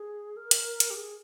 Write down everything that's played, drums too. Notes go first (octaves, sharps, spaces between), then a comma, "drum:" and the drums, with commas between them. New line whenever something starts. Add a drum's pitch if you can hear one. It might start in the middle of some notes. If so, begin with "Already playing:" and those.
Already playing: G#4
A#4
drum: hi-hat
drum: hi-hat
G4
G#4